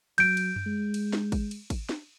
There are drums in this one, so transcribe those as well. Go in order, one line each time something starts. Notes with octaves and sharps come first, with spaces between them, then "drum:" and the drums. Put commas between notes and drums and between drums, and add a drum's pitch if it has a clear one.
F#3 G6 D7, drum: cymbal
drum: cymbal
drum: tom F#2
G#3
drum: cymbal
drum: snare
drum: kick, cymbal
drum: cymbal
drum: kick, cymbal
drum: snare